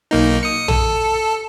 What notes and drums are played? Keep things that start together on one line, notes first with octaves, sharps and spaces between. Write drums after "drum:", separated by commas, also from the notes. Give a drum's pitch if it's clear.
B1 A#3 D#4
D#6 C#7
A4, drum: tom A#1